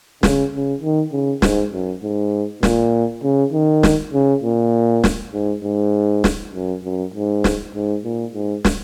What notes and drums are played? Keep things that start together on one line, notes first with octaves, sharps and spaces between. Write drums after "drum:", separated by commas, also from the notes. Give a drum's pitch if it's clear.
C#3, drum: snare
C#3
D#3
C#3
G#2, drum: snare
F#2
G#2
A#2, drum: snare
C#3
D#3
drum: snare
C#3
A#2
drum: snare
G#2
G#2
drum: snare
F#2
F#2
G#2
drum: snare
G#2
A#2
G#2
drum: snare